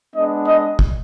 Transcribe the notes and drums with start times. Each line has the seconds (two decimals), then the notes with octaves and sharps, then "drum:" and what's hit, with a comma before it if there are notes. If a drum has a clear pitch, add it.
0.15 G#3 B3 D4 D#5
0.48 D#5
0.79 drum: kick